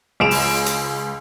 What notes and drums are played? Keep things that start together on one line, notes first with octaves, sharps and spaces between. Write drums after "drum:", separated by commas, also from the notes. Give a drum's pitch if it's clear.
C#2 G#3 D7 E7 F7
drum: open hi-hat
drum: hi-hat